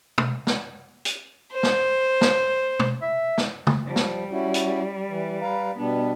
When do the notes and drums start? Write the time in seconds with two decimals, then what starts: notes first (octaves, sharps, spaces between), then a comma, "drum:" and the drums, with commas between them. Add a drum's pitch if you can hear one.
0.18 drum: tom
0.47 drum: snare
1.05 drum: hi-hat
1.53 C5
1.63 drum: snare
2.21 drum: snare
2.80 drum: tom
3.02 E5
3.38 drum: snare
3.67 drum: tom
3.85 F3 G3
3.96 drum: snare
4.31 C#4 E4 F#4
4.54 drum: hi-hat
5.09 E3
5.41 B4 F5 A#5
5.78 B2 G3 B3 D4